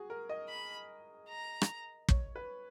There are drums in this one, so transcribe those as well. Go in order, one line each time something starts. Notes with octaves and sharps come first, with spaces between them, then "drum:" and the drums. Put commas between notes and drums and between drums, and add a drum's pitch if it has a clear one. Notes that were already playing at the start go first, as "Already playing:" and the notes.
Already playing: F#4 G#4
A#4
D#5
B5
A#5
drum: rim click
C#5, drum: kick
B4